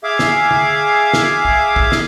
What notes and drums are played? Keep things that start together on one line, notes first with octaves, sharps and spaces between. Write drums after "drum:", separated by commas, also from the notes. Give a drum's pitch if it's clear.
G#4 E5 F5 D6
drum: snare
drum: tom D3
drum: snare
drum: kick
drum: kick
drum: snare